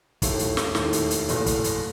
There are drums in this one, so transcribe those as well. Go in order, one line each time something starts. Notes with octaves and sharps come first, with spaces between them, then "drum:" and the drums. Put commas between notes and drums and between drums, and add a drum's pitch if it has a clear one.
E1 D#2 D#3 A3 E4, drum: kick, hi-hat
drum: hi-hat
drum: snare
E1 D#2 D#3 A3 E4, drum: snare
drum: hi-hat
drum: hi-hat
F#1 E2 B2 A3, drum: hi-hat
drum: kick, hi-hat
drum: hi-hat